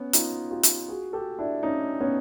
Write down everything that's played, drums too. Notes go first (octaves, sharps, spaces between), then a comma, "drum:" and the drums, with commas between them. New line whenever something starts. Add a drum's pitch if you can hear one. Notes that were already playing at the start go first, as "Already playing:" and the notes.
Already playing: B3 C#4
D#4 F4, drum: hi-hat
F4 G4
drum: hi-hat
F#4 G#4
G4 A4
D4 E4
C#4 D#4
B3 C#4